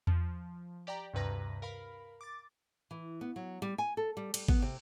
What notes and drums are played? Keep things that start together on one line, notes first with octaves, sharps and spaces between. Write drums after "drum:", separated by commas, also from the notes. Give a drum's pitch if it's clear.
F3, drum: tom E2
G4 D5 G5 A#5
D2 G2 C3 B4 A#5 A#6
A#4 F5 B5
D6 A6
E3
B3
F#3
G3
G#5
A4
G3
G3, drum: cymbal
B3, drum: kick G#1
C3